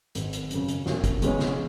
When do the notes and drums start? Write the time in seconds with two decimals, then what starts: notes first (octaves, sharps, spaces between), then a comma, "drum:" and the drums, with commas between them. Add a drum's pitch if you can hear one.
0.15 G#1, drum: hi-hat
0.33 drum: hi-hat
0.51 F#2 C#3, drum: hi-hat
0.68 drum: hi-hat
0.86 E1, drum: snare
1.04 drum: kick, hi-hat
1.22 E2 C#3 G#3 C#4, drum: hi-hat
1.39 drum: snare